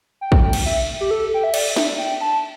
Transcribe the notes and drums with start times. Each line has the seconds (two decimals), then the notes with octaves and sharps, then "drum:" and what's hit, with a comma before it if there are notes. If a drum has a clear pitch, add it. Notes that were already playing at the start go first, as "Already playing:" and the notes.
0.21 G5
0.32 drum: kick
0.43 G5
0.53 drum: cymbal
0.66 E5
1.01 G4
1.11 A4
1.34 G5
1.44 E5
1.54 D5, drum: cymbal
1.76 E5, drum: snare
1.99 G5
2.21 A5